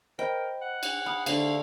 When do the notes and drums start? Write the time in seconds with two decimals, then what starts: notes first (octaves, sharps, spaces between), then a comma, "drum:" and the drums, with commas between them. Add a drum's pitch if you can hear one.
0.19 A#4 C5 D#5 G5 B5
0.62 F#5
0.83 drum: cymbal
1.06 F5 B5 D#6
1.26 D3 A3 D4 C5 D5 F5, drum: cymbal